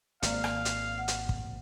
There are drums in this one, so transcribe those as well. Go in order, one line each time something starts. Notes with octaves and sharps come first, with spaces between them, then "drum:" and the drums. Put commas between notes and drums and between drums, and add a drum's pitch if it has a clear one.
G#1 A#3 D5 F5, drum: hi-hat
drum: rim click
drum: hi-hat
F#5 F6
drum: hi-hat
drum: kick